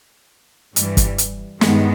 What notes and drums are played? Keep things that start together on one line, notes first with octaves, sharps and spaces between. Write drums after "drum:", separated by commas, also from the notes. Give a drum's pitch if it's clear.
G2 E3 G3, drum: hi-hat
drum: kick F#1, hi-hat
drum: hi-hat
G2 D#3 G#3 B3, drum: snare